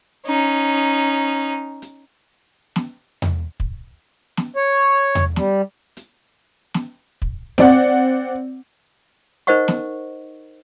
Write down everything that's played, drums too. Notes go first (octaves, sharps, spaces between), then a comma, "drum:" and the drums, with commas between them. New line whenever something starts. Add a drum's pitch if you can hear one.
C#4 D#4
drum: hi-hat
drum: snare
drum: tom E2
drum: kick
drum: snare
C#5
drum: tom E2
G3, drum: snare
drum: hi-hat
drum: snare
drum: kick
C4 D5 F#5, drum: snare
D#4 A#4 C5 D#5 F#5 C#6
drum: snare